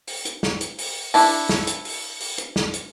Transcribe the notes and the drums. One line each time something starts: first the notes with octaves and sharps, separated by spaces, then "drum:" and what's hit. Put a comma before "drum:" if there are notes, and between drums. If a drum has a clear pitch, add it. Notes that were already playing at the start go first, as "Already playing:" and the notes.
drum: open hi-hat
drum: hi-hat
drum: snare
drum: hi-hat
drum: open hi-hat
D4 E4 A5, drum: open hi-hat
drum: snare
drum: hi-hat
drum: open hi-hat
drum: open hi-hat
drum: hi-hat
drum: snare
drum: hi-hat